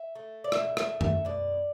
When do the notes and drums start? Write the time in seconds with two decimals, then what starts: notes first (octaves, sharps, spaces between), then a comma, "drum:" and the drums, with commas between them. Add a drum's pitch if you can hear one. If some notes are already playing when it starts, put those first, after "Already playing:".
Already playing: E5
0.15 A3
0.44 D5
0.52 B2 E5, drum: rim click
0.77 E5, drum: rim click
0.89 A3
1.01 E5, drum: tom F#2
1.25 B2 D5